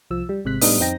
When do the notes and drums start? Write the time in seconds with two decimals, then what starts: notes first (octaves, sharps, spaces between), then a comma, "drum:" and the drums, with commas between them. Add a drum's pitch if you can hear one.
0.11 C2 F3 E6
0.29 G3
0.45 G#1 C3 G#3 F#6 B6
0.61 A2 G3 B3 D4 D#4 D#6, drum: open hi-hat
0.80 F2 C4 D#4 G5 A#6